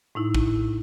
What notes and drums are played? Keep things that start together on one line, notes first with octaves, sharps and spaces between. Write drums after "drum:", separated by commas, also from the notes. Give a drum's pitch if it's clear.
A2 D#4 E4
drum: kick